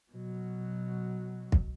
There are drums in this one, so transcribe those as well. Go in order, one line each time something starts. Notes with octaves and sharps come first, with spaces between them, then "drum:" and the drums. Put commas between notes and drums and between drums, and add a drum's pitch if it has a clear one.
B2 F#3
drum: kick